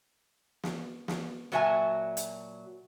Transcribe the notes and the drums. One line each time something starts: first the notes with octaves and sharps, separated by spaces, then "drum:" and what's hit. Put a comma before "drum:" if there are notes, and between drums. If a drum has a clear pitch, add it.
drum: snare
drum: snare
A#2 F#3 F#4 E5 G#5 A5
drum: hi-hat